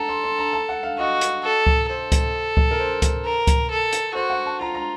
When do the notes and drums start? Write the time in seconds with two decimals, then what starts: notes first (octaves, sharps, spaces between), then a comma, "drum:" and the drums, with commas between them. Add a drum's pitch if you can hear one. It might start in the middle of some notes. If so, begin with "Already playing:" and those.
Already playing: A4 F#5 A5 A#5
0.09 C6
0.24 C6
0.38 A#5
0.53 A5
0.69 F#5
0.83 F5
0.98 F#4 D#5
1.21 drum: hi-hat
1.43 A4
1.67 drum: kick C#2
1.90 A4 C5
2.12 drum: kick C#2, hi-hat
2.57 drum: kick C#2
2.71 A#4
2.80 C5
3.02 drum: kick C#2, hi-hat
3.25 A#4
3.47 drum: kick C#2, hi-hat
3.71 A4
3.93 drum: hi-hat
4.15 F#4 C5
4.30 F#5
4.46 A5
4.61 F4 A#5
4.75 A#5